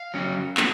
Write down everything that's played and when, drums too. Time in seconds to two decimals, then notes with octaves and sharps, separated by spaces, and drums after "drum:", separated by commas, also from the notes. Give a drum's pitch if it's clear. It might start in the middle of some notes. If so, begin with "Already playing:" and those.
Already playing: F5
0.14 F#3 C#4
0.57 drum: clap